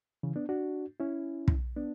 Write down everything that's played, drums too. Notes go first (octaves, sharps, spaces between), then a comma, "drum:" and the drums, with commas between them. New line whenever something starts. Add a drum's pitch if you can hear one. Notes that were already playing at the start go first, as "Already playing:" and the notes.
C#3 E3
B3 D4
D4 F#4
C#4 E4
drum: kick
B3 D4